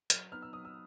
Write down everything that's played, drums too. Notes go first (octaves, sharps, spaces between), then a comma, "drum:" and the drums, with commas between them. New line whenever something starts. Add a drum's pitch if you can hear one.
F#3 F6, drum: hi-hat
B3 D#4 F6
E6
F#3 D#6
E6